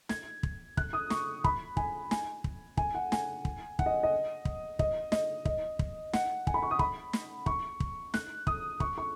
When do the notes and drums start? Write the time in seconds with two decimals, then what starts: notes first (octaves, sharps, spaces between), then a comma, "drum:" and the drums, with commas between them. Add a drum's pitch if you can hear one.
0.09 G#6, drum: snare
0.43 drum: kick
0.77 F#6, drum: kick
0.93 D#6
1.10 C#6, drum: snare
1.44 B5, drum: kick
1.77 G#5, drum: kick
2.11 G#5, drum: snare
2.44 drum: kick
2.77 G#5, drum: kick
2.95 F#5
3.12 G#5, drum: snare
3.45 drum: kick
3.79 F#5, drum: kick
3.86 D#5
4.03 D#5
4.45 drum: kick
4.79 D#5, drum: kick
5.12 D#5, drum: snare
5.45 D#5, drum: kick
5.79 drum: kick
6.13 F#5, drum: snare
6.47 G#5, drum: kick
6.54 B5
6.62 C#6
6.71 D#6
6.79 B5, drum: kick
7.13 drum: snare
7.46 C#6, drum: kick
7.80 drum: kick
8.14 F#6, drum: snare
8.47 D#6, drum: kick
8.80 C#6, drum: kick
8.98 C#6